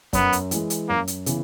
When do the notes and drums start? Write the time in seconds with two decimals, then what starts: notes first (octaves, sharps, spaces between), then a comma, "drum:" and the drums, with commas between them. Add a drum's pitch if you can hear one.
0.13 F#2 B3, drum: kick F2, hi-hat
0.33 drum: hi-hat
0.51 E3 G#3, drum: hi-hat
0.70 drum: hi-hat
0.89 F#2 A#3
1.07 drum: hi-hat
1.26 C#3 E3 B3, drum: hi-hat